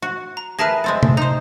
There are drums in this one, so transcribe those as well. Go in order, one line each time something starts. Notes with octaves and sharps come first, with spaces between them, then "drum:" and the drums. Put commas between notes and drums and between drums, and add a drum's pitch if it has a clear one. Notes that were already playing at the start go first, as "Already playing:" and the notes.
F#4
A#5
G#4 A#4 B4 E5 A5 A#6
G#3 C4 A4
drum: tom C3
D#4 C5 A#5